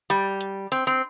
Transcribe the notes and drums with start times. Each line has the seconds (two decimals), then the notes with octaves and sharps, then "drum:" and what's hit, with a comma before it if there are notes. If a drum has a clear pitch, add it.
0.10 G3, drum: hi-hat
0.41 drum: hi-hat
0.72 C4, drum: hi-hat
0.87 C4